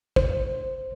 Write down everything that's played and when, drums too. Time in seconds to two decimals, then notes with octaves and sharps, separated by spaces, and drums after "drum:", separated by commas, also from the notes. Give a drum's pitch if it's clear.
0.16 C5, drum: kick